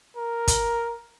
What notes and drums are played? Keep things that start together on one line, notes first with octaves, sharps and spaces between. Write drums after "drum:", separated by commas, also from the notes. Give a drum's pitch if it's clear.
A#4
drum: kick, hi-hat